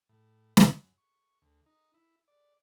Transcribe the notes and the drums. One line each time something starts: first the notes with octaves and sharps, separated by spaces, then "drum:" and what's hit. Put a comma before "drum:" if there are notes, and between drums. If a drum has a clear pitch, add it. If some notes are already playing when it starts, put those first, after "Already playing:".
A2
drum: snare
F#2
C#6
D2
D#4
E4
D5